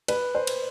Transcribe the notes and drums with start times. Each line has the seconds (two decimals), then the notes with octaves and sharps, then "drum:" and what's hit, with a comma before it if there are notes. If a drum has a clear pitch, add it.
0.08 B4, drum: cymbal
0.35 C5
0.47 drum: cymbal